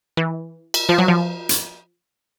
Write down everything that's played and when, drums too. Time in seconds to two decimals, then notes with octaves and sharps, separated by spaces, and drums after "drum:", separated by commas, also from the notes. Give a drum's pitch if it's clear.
0.17 E3
0.74 drum: cymbal
0.89 F3
0.98 F#3
1.08 F3
1.49 drum: hi-hat